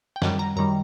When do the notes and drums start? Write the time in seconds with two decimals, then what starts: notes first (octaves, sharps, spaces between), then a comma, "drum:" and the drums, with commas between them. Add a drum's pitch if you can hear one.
0.16 G5
0.22 F#2 D#3 G3 F#5, drum: snare
0.39 A#5
0.56 F#2 D#3 G3 A#5